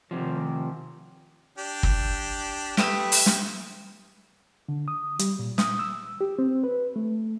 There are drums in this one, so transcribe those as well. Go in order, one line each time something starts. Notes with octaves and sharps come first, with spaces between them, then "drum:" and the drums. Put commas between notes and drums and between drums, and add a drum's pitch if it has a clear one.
C3 D#3 F3
D4 G4
drum: kick
A3 G4 B4 E5 D#6, drum: snare
drum: open hi-hat
drum: snare
D3
D#6
G3, drum: hi-hat
A#2
D#6, drum: snare
E6
G4
C4
B4
A3